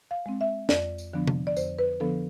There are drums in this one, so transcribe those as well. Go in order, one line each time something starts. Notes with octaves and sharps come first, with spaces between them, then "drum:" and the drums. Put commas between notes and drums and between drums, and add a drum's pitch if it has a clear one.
F5
G#3 C4
E5
F2 D5, drum: snare
drum: tambourine
D3 F3 B3 D4
drum: tom C3
D5
F2 C5, drum: tambourine
B4
D3 F3 B3 D4 A4